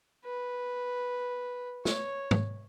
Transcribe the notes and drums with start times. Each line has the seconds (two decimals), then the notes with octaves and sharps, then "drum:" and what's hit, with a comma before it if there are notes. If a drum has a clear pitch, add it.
0.25 B4
1.85 C#5, drum: snare
2.31 drum: tom G#2